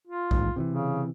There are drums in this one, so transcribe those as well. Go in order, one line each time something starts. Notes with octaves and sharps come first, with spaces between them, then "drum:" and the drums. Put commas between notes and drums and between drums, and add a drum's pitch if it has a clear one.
F4
A1 D#2 G#2, drum: kick B1
C3 D#3 E3
C#3